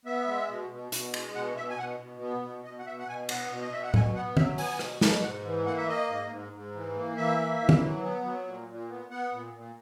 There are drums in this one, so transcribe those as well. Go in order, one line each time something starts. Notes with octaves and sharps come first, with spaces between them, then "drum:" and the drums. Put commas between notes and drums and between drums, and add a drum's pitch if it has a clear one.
B3 E5
G#3
B2
B2
B2, drum: hi-hat
G#3, drum: cymbal
B2 F#5
B2 E5
G#5
B2 F#5
B2
B3
B2
B2 D#5
F#5
B2 E5
F#5
B2 G#5
B3 F#5, drum: cymbal
B2
D#5
B2 E5
F#5
B2 G#5, drum: tom A2
B3 F#5
F#3 E5, drum: tom
B3 G#5, drum: open hi-hat
B2, drum: rim click
B2, drum: snare
G#2 F#5
E3
A#3 F#5
E5
A#3 D#5
G#2
G#2
G#2
E3
A#3
E3 E5
A#3
E3
drum: tom
F#3
B3
F#3
A#2
A#2
B3
B3 F#5
A#2
A#2